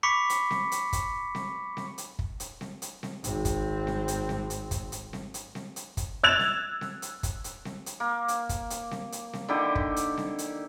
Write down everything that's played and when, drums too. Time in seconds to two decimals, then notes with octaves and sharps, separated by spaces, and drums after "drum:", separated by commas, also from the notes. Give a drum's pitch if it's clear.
0.03 B5 C#6 D6 B6 C#7
0.30 drum: hi-hat
0.51 drum: snare C4
0.72 drum: hi-hat
0.93 drum: kick, hi-hat
1.35 drum: snare C4
1.77 drum: snare C4
1.98 drum: hi-hat
2.19 drum: kick
2.40 drum: hi-hat
2.61 drum: snare C4
2.82 drum: hi-hat
3.03 drum: snare C4
3.24 G#1 C4, drum: hi-hat
3.45 drum: kick, hi-hat
3.87 drum: snare C4
4.08 drum: hi-hat
4.29 drum: snare C4
4.50 drum: hi-hat
4.71 drum: kick, hi-hat
4.92 drum: hi-hat
5.13 drum: snare C4
5.34 drum: hi-hat
5.55 drum: snare C4
5.76 drum: hi-hat
5.97 drum: kick, hi-hat
6.24 E6 F#6 G#6 A6 E7 F7
6.39 drum: snare C4
6.81 drum: snare C4
7.02 drum: hi-hat
7.23 drum: kick, hi-hat
7.44 drum: hi-hat
7.65 drum: snare C4
7.86 drum: hi-hat
8.00 A#3
8.28 drum: hi-hat
8.49 drum: kick, hi-hat
8.70 drum: hi-hat
8.91 drum: snare C4
9.12 drum: hi-hat
9.33 drum: snare C4
9.49 D3 D#3 E4 G4
9.75 drum: kick
9.96 drum: hi-hat
10.17 drum: snare C4
10.39 drum: hi-hat